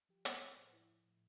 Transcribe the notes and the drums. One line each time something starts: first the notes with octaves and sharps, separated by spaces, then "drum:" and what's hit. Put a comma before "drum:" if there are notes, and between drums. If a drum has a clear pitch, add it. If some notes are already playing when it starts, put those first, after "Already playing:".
F3 G4
F3, drum: hi-hat
F3 D5
C5
A2
B4
F3 E4
A2
A2